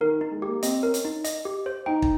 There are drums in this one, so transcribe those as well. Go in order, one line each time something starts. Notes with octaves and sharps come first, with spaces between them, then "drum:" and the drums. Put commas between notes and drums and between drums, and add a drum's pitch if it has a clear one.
D#3 A#4
D#4
G#3
A#3 G4
C4 D#5, drum: hi-hat
C#4 A#4
drum: hi-hat
D#4
D#5, drum: hi-hat
G4
C5
D#4 G5
drum: kick